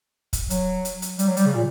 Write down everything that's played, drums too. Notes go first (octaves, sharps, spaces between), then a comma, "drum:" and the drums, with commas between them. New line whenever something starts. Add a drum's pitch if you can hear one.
drum: kick, hi-hat
F#3, drum: hi-hat
drum: hi-hat
drum: hi-hat
G3, drum: hi-hat
F#3
G3, drum: hi-hat
C#3
A#2